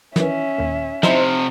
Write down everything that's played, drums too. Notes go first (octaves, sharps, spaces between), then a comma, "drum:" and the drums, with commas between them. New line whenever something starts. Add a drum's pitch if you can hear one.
D#3 E3 C#4 E5, drum: snare
D#2 A#2
C3 F3 D#4 E4 C5, drum: snare